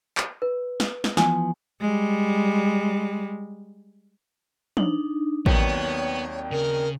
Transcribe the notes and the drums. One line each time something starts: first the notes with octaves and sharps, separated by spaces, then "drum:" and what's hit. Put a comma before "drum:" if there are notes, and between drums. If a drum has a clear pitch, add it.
drum: clap
B4
drum: snare
drum: snare
E3 F3 B3 G#5, drum: snare
G3 G#3
D4 D#4, drum: tom
D#2 D#3 F#3 B3 C4 C#5 D5 G5, drum: kick A1
C#3 A#4